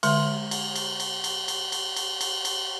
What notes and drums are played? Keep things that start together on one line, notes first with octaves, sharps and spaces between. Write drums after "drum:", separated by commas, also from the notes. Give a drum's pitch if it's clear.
D3 G#3, drum: cymbal
drum: cymbal
drum: cymbal
drum: cymbal
drum: cymbal
drum: cymbal
drum: cymbal
drum: cymbal
drum: cymbal
drum: cymbal